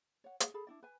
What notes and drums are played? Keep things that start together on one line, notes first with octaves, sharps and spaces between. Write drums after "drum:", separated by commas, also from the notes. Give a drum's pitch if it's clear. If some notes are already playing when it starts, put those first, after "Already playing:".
C#5 F#5
G#4, drum: hi-hat
G#4 A4 B5
D4 E4 D5
B4 G#5